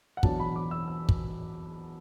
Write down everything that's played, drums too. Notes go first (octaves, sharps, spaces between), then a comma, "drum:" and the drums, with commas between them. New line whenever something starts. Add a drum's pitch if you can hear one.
F#5
E2 B2 F#3 D4 A5, drum: kick
B5
D6
E6
E6
drum: kick